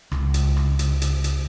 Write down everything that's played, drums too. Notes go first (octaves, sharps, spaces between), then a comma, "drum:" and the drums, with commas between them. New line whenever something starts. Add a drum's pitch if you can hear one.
C#2, drum: rim click
drum: hi-hat
drum: rim click
drum: hi-hat
drum: hi-hat
drum: hi-hat